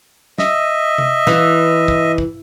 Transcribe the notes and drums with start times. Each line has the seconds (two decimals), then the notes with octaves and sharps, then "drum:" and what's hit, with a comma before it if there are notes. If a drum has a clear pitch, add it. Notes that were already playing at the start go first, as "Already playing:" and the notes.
0.38 D#5 E5, drum: snare
0.98 drum: tom C3
1.27 E3, drum: snare
1.88 drum: kick
2.18 drum: kick